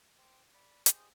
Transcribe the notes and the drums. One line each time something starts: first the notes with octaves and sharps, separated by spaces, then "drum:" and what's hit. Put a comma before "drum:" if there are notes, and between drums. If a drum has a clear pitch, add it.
C5 G5 D6
D5 B5
G4 G#4 C5 D#5, drum: hi-hat